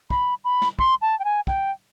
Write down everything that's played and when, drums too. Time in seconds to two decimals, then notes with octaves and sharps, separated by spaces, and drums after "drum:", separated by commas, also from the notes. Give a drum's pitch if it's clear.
0.10 B5, drum: kick
0.44 B5
0.62 drum: snare
0.79 C6, drum: kick
1.02 A5
1.19 G5
1.25 G#5
1.47 G5, drum: kick